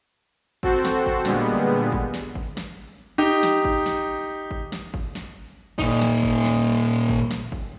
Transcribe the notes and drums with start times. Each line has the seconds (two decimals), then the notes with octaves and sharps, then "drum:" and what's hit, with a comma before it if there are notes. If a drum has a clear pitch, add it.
0.63 C4 F#4 A4 C5, drum: kick G1
0.85 drum: snare
1.06 drum: kick G1
1.25 A#2 D3 G3 G#3 B3, drum: snare
1.92 drum: kick G1
2.14 drum: snare
2.35 drum: kick G1
2.57 drum: snare
3.18 D#4 G4
3.43 drum: snare
3.65 drum: kick G1
3.86 drum: snare
4.51 drum: kick G1
4.72 drum: snare
4.94 drum: kick G1
5.15 drum: snare
5.79 A#2 D#4, drum: kick G1
6.01 drum: snare
6.23 drum: kick G1
6.44 drum: snare
7.09 drum: kick G1
7.31 drum: snare
7.52 drum: kick G1